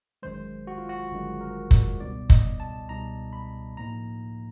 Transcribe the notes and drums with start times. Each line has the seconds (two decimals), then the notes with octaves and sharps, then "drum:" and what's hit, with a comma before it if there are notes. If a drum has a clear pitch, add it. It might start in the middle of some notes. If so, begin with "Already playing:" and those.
0.23 G1 F#2 D#3 G#3 C5
0.67 F#4
0.78 F4
0.89 F#4
1.11 G1 F#2 D#3 G#3
1.41 A#4
1.71 D5, drum: kick
2.00 C#2 B2 G3 B3 D#4 D5
2.30 D#5, drum: kick
2.60 A5
2.89 C#2 B2 G3 B3 D#4 A#5
3.33 B5
3.77 A2 F3 A#3 D#4 A#5